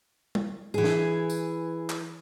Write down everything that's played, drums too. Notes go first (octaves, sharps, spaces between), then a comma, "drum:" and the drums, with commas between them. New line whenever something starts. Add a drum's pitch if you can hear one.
drum: tom
E3 G#4
drum: snare
drum: tambourine
drum: clap